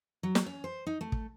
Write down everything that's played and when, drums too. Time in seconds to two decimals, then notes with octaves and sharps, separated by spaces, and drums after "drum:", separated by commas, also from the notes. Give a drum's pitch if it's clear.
0.23 F#3
0.35 drum: snare
0.46 C#4
0.64 C5
0.87 D#4
1.01 A3
1.12 drum: kick